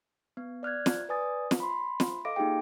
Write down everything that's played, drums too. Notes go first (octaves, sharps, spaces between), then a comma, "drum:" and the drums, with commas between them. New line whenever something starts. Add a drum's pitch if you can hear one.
B3
D5 F6 F#6 G#6
drum: snare
B4 D5 G#5 D#6 A6
drum: snare
B5 C6
drum: snare
A4 D#5 F5 D6 A#6 D7
A#3 D#4 F4 G4 G#4 G5